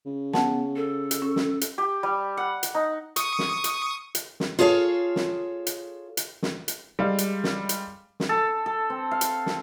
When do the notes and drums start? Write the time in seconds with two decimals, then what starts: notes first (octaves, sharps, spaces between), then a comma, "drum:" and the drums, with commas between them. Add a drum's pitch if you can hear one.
0.06 C#3
0.34 B3 F#5 A5, drum: snare
0.76 A4
1.11 drum: hi-hat
1.22 C#4
1.36 drum: snare
1.61 drum: hi-hat
1.78 G4
2.03 G3
2.37 F#5
2.63 drum: hi-hat
2.75 D#4
3.16 C#6 D#6, drum: hi-hat
3.39 drum: snare
3.64 drum: hi-hat
4.15 drum: hi-hat
4.40 drum: snare
4.59 F4 G#4 A4 C#5 F5
5.16 drum: snare
5.67 drum: hi-hat
6.17 drum: hi-hat
6.42 drum: snare
6.68 drum: hi-hat
6.99 G3 G#3 F5
7.18 drum: hi-hat
7.44 drum: snare
7.69 drum: hi-hat
8.20 drum: snare
8.29 A4
8.66 A4
8.90 C4
9.11 F5
9.21 drum: hi-hat
9.46 drum: snare